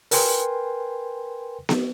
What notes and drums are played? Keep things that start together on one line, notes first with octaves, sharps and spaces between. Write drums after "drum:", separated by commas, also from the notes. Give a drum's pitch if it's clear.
A#4 B4 G5 G#5 C6, drum: open hi-hat
drum: snare B3